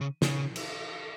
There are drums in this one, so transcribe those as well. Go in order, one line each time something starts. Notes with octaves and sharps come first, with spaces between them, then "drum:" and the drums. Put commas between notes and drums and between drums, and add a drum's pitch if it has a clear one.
C#3
C#3, drum: snare
drum: cymbal